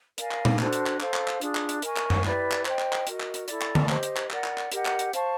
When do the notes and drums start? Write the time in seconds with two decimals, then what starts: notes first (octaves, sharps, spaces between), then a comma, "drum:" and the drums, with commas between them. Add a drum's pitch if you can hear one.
0.18 A#4 D5 F5 G#5, drum: hi-hat
0.31 drum: clap
0.45 drum: tom A#2
0.59 D4 F#4 A4 C5, drum: clap
0.73 drum: hi-hat
0.86 drum: clap
1.00 A4 C5 F5, drum: clap
1.14 drum: clap
1.28 drum: clap
1.41 D4 F4 G#4, drum: hi-hat
1.55 drum: clap
1.69 drum: hi-hat
1.82 A#4 D#5 G#5 C#6, drum: hi-hat
1.96 drum: clap
2.10 drum: tom F#2
2.24 E4 G4 B4 D5, drum: clap
2.51 drum: clap
2.65 C5 D#5 G5, drum: clap
2.79 drum: clap
2.93 drum: clap
3.07 F#4 A#4 D#5, drum: hi-hat
3.20 drum: clap
3.34 drum: hi-hat
3.48 E4 A4 D5, drum: hi-hat
3.62 drum: clap
3.75 drum: tom D3
3.89 G4 C5 D#5, drum: clap
4.03 drum: hi-hat
4.17 drum: clap
4.30 A#4 D5 F#5, drum: clap
4.44 drum: clap
4.58 drum: clap
4.72 G4 A#4 D#5 F#5, drum: hi-hat
4.85 drum: clap
4.99 drum: hi-hat
5.13 C5 F5 A5 C#6, drum: hi-hat